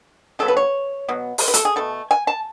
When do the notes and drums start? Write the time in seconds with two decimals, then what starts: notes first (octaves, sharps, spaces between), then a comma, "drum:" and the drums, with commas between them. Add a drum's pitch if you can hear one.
0.39 C#3 F#3 B3 A4
0.48 B4
0.57 C#5
1.08 B2 F#3 B3
1.38 drum: open hi-hat
1.48 B4
1.54 A4, drum: hi-hat
1.65 G#4
1.76 B2 A3 A4
2.11 G#5
2.27 A5